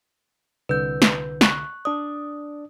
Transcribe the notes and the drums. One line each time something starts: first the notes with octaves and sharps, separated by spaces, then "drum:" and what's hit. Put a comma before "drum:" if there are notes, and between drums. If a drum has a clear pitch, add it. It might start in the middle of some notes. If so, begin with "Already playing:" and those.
C2 D3 B4 G6
drum: snare
C#6 F#6, drum: snare
D4 D5 D#6